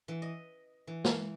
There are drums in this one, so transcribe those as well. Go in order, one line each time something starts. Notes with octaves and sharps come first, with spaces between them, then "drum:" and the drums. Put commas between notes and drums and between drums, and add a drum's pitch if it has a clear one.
E3
D#5
E3
drum: snare